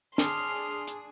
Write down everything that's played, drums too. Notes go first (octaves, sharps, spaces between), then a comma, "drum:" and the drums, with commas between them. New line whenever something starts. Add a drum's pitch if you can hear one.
D4 G#4 A5 C6 D6 D#6 F6, drum: snare
drum: hi-hat